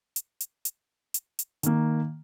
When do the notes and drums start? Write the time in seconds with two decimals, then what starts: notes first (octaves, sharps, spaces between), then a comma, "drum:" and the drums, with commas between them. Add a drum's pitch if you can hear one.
0.16 drum: hi-hat
0.40 drum: hi-hat
0.65 drum: hi-hat
1.14 drum: hi-hat
1.39 drum: hi-hat
1.63 D#3 A#3, drum: hi-hat